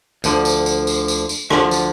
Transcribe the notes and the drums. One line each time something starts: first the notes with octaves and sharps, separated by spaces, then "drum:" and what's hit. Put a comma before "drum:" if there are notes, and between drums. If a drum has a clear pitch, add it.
D2 D3 F3, drum: tambourine
drum: tambourine
drum: tambourine
drum: tambourine
drum: tambourine
drum: tambourine
D2 D3 F3, drum: rim click
drum: tambourine